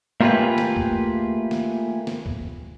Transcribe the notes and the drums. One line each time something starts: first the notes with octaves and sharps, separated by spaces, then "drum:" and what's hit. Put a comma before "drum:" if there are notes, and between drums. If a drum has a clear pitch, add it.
A3 A#3 F4 G4 G#4 B4
drum: snare
drum: kick
drum: snare
drum: snare
drum: kick